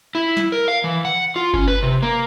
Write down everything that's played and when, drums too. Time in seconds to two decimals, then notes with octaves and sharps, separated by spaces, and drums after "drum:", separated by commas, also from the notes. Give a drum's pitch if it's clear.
0.15 E4
0.37 drum: snare
0.52 A#4
0.68 F5
0.84 E3
1.05 F#5
1.36 F4
1.54 C#4, drum: kick G1
1.68 B4
1.83 C3
2.03 A#3